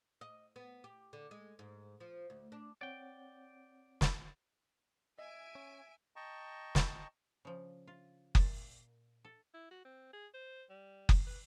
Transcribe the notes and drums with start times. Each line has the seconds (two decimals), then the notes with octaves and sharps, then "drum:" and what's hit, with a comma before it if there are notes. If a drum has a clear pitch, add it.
0.21 D#5
0.56 B3
0.84 G4
1.13 D3
1.31 G#3
1.59 G#2
2.00 F3
2.30 D2
2.52 D4
2.81 C4 C#5 D5 F#5 G5
4.01 drum: snare
5.18 D#5 E5 G#5 D7
5.55 C#4
6.16 D#5 G5 A5 A#5 C#6
6.75 drum: snare
7.45 C#3 F3
7.88 F4
8.35 A#2 D5 E5, drum: kick F#1
9.25 A4
9.54 E4
9.71 F#4
9.85 C4
10.13 G#4
10.34 C5
10.70 G3
11.09 drum: kick F#1
11.27 B4